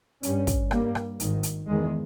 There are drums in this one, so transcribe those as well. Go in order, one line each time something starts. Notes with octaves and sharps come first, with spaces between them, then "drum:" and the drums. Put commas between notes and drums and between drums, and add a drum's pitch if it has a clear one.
G2 G3 C#4, drum: hi-hat
drum: kick, hi-hat
G2 G3 A#3, drum: rim click
drum: rim click
G#1 G#2 D#3, drum: hi-hat
drum: hi-hat
E2 D#3 G#3